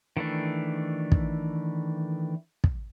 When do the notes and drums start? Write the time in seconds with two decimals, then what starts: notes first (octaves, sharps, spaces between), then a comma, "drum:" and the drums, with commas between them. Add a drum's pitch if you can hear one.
0.17 D#3 E3 A3 D4
1.12 drum: kick
2.64 drum: kick